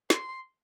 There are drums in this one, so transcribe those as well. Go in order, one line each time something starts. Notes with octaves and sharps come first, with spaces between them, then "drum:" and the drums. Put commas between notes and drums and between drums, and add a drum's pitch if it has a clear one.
C6, drum: snare